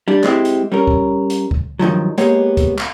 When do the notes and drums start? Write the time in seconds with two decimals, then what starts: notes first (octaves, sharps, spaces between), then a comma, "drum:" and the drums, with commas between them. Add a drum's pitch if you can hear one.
0.08 G3 D4
0.24 G#3 C4 E4 G4, drum: clap
0.45 drum: hi-hat
0.72 G3 C#4 A#4
0.87 drum: kick C#2
1.30 drum: hi-hat
1.51 drum: kick C#2
1.79 G2 D#3 F3 F#3
2.18 G#3 A#3 B3 G4 C#5, drum: hi-hat
2.57 drum: kick C#2, hi-hat
2.78 drum: clap